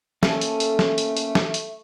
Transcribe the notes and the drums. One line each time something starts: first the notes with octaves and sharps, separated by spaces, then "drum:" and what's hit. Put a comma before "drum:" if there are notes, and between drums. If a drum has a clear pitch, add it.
A3 A#3 C#4 A4, drum: snare
drum: hi-hat
drum: hi-hat
drum: snare
drum: hi-hat
drum: hi-hat
drum: snare
drum: hi-hat